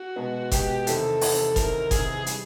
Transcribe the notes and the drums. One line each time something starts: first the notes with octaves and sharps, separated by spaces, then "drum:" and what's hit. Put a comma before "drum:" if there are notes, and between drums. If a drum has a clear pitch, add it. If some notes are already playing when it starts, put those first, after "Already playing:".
Already playing: F#4
B2 G#3 B3
B2 G#3 B3 G4, drum: kick F1, hi-hat
E2 C3 D#3 A4, drum: hi-hat
E2 C3 D#3, drum: open hi-hat
E2 C3 D#3 A#4, drum: kick F1, hi-hat
E2 C3 D#3 G#4, drum: kick F1, hi-hat
D#3 G3, drum: hi-hat